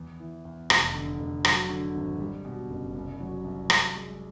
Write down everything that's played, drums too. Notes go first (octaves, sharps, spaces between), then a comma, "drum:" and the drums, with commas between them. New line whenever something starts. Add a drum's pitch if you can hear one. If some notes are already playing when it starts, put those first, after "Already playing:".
Already playing: E2
E3
E2
F1, drum: rim click
D3
F1
F#3, drum: rim click
D3
G#1
G3
B2
F#1
C2
F#3
C2
F#2, drum: rim click
G#3